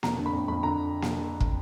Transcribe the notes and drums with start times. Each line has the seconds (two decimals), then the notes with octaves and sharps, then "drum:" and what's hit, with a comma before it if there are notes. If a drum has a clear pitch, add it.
0.03 F2 A#5, drum: snare A#3
0.17 D3
0.26 B5
0.33 F2
0.48 F2 B5
0.63 D3 A#5
1.02 drum: snare A#3
1.40 drum: kick